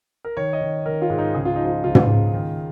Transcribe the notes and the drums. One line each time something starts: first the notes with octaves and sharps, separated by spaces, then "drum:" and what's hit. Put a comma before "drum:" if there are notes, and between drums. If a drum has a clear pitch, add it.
A#4
D#3 C#5
D#5
D#3
D#3 A#4
F4
G#2
D#4
C#2 G#4
F4
F3 D#4
F4
C#2 F4
drum: tom
C#3
D#3